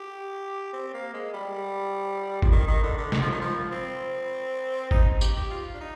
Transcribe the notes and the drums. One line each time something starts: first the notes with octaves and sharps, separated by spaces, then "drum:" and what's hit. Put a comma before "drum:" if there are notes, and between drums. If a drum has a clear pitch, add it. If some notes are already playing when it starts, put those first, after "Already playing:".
Already playing: G4
C4
A#3
G#3
G3
F3, drum: kick G#1
D#3
D#3
D3
D3
D#3, drum: snare
F3
D#3
F3
C4
D#4, drum: kick G#1
G4, drum: tambourine
G4
F4
D4
D#4